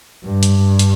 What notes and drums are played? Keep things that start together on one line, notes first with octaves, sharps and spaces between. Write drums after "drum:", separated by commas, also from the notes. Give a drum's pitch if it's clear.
G2
drum: hi-hat
drum: hi-hat